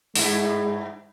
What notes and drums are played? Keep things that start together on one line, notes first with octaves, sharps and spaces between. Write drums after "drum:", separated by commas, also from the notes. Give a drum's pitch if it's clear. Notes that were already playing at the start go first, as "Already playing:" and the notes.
G2 G#3 E4, drum: open hi-hat